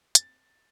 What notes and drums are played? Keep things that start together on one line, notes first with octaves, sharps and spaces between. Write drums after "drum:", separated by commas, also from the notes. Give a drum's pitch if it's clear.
A6, drum: hi-hat